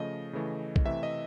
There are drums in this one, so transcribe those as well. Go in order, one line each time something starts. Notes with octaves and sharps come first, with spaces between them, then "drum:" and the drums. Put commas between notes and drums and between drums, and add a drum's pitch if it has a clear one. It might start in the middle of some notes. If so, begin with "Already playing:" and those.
Already playing: C#3 F3 A3 D#5
C#3 E3 A3
drum: kick B1
C3 E3 A3 E5
D#5